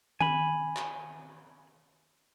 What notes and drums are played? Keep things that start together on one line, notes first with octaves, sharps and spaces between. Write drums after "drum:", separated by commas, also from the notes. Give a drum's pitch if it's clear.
G#5 B5, drum: tom D#3
drum: clap